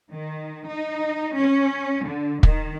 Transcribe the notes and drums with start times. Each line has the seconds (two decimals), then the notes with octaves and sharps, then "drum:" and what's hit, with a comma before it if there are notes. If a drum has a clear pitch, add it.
0.13 D#3
0.69 D#4
1.36 C#4
2.07 D3
2.43 D#3, drum: kick